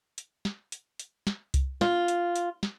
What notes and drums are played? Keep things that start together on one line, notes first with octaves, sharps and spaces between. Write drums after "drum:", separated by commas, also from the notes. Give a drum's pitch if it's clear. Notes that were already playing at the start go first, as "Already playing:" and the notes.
drum: hi-hat
drum: snare
drum: hi-hat
drum: hi-hat
drum: snare
drum: kick C2, hi-hat
F4, drum: snare
drum: hi-hat
drum: hi-hat
drum: snare